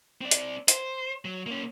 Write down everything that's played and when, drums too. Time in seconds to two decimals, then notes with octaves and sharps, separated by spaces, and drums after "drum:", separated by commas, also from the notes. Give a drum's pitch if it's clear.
0.21 C4 D5
0.31 drum: hi-hat
0.68 C5, drum: hi-hat
1.25 F#3
1.46 A#3 C#4